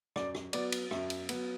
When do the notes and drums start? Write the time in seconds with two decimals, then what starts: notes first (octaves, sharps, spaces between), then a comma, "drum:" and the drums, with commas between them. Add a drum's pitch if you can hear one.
0.16 F#2 D5, drum: rim click
0.35 drum: rim click
0.53 F#3 B3 D5, drum: cymbal
0.72 drum: cymbal
0.91 F#2 E5, drum: rim click
1.10 drum: cymbal
1.29 F#3 B3, drum: cymbal